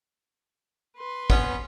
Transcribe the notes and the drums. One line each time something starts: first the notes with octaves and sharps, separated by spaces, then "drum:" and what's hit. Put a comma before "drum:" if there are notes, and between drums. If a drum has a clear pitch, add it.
B4 C6
B3 C#4, drum: kick